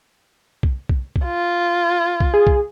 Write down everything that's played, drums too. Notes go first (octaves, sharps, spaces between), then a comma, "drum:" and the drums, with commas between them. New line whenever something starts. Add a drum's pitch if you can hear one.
drum: kick B1
drum: kick B1
drum: kick B1
F4
drum: kick B1
G#4
drum: kick B1